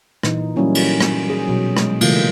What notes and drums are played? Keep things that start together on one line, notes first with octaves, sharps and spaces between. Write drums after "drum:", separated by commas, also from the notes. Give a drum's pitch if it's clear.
A#2 E3 D#4, drum: rim click
F#3 G3 A#3 C#4 E4
drum: cymbal
drum: rim click
G#4
B2 F#3
G#3, drum: rim click
C#3 E3 G3 A3 A#3 F4, drum: cymbal